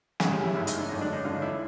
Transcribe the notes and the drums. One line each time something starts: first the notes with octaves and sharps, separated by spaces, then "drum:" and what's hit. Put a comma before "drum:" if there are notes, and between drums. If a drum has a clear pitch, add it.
G#1 F#2 C#3 G#4, drum: snare
G4
E4
G#1 F#2 C#3 E4
D#4, drum: hi-hat
D4
F#2 D3 F#3 D#4
D4
D#4
F#2 D3 F#3 F4
E4